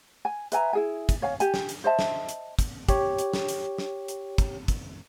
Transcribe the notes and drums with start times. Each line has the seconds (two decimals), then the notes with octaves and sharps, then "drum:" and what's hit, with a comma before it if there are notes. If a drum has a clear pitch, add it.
0.25 G#5
0.52 B4 E5 G#5 A#5, drum: hi-hat
0.73 E4 G#4 G#5
1.09 drum: kick, hi-hat
1.22 C#5 F5 G#5
1.40 G4 G#5, drum: hi-hat
1.54 drum: snare
1.69 drum: hi-hat
1.84 C5 D#5 E5 A5
1.99 drum: snare
2.29 drum: hi-hat
2.59 drum: kick, hi-hat
2.89 G4 C#5, drum: kick, hi-hat
3.18 drum: hi-hat
3.33 drum: snare
3.48 drum: hi-hat
3.78 drum: snare
4.08 drum: hi-hat
4.38 drum: kick, hi-hat
4.68 drum: kick, hi-hat